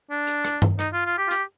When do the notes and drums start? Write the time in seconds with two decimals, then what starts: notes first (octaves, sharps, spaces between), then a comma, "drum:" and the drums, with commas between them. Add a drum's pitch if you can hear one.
0.10 D4
0.27 drum: hi-hat
0.45 drum: rim click
0.62 drum: tom G2
0.79 D#4, drum: rim click
0.93 F4
1.06 F4
1.18 G4
1.28 F4
1.31 G4, drum: hi-hat